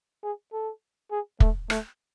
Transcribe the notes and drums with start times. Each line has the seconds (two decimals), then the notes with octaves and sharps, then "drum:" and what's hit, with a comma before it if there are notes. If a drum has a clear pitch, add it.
0.23 G#4
0.53 A4
1.11 G#4
1.40 A3, drum: kick
1.70 A3, drum: rim click